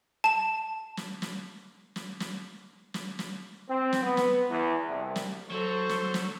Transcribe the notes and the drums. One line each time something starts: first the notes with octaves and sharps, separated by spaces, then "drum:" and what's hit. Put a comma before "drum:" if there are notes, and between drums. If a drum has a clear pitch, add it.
A5 E7
drum: snare
drum: snare
drum: snare
drum: snare
drum: snare
drum: snare
C4
drum: snare
B3
drum: snare
E2
C2
drum: snare
F#3 A4 C5 C#6
drum: snare
drum: snare